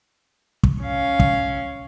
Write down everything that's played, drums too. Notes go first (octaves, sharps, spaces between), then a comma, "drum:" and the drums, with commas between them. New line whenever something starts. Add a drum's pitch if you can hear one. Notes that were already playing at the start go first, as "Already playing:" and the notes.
drum: kick
C#4 F5
drum: kick